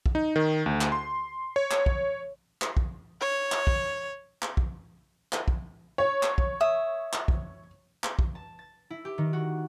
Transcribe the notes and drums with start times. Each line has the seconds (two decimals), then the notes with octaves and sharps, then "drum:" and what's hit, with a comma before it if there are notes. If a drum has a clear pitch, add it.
0.06 drum: kick
0.15 D#4
0.36 D#3
0.66 D2
0.81 drum: clap
0.92 C6
1.56 C#5
1.71 drum: clap
1.86 drum: kick
2.62 drum: clap
2.77 drum: kick
3.21 C#5
3.52 drum: clap
3.67 drum: kick
4.42 drum: clap
4.57 drum: kick
5.33 drum: clap
5.48 drum: kick
5.98 C#5
6.23 drum: clap
6.38 drum: kick
6.61 E5 D#6
7.13 drum: clap
7.28 drum: kick
8.04 drum: clap
8.19 drum: kick
8.35 A5
8.59 A6
8.90 E4
9.05 G4
9.18 D#3
9.33 F#4